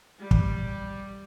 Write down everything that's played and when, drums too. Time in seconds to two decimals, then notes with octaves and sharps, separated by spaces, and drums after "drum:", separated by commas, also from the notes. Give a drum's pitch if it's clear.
0.20 G3
0.31 drum: kick